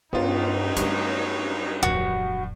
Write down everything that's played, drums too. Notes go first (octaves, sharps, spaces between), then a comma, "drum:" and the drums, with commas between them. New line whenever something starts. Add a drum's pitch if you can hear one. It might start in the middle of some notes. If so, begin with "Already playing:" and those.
G2 F#3 B3 C#4 D#4 F4, drum: cymbal
G2 A3 B3, drum: hi-hat
D1 F2 F#4